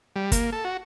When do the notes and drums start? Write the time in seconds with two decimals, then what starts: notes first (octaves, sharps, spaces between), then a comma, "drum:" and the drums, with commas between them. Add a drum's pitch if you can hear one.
0.16 G3
0.32 A#3, drum: kick G1, hi-hat
0.52 A4
0.65 F#4